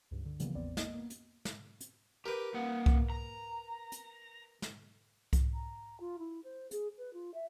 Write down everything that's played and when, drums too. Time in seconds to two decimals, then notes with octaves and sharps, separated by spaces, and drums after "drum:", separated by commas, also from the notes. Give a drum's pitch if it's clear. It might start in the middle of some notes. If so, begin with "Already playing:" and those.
0.11 C#2 G2
0.25 D3
0.40 C#3 E3 F3 G3 A#3 B3, drum: hi-hat
0.54 A1 E2 B3 C4 D5
0.77 A#3 D#5, drum: snare
0.94 A#3 B3
1.10 drum: hi-hat
1.45 drum: snare
1.81 drum: hi-hat
2.26 G4 A#4 B4
2.54 A#3 F#5
2.86 drum: kick C2
3.10 A#5
3.92 drum: hi-hat
4.62 drum: snare
5.33 drum: kick C2, hi-hat
5.53 A#5
6.00 F4
6.18 E4
6.44 C5
6.71 G#4, drum: hi-hat
6.97 B4
7.13 F4
7.34 E5